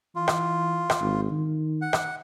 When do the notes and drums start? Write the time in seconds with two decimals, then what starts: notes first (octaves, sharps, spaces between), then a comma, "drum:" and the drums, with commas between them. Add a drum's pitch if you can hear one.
0.16 E3 F4
0.28 drum: rim click
0.90 drum: rim click
1.01 G#1
1.31 D#3
1.82 F#5
1.93 drum: rim click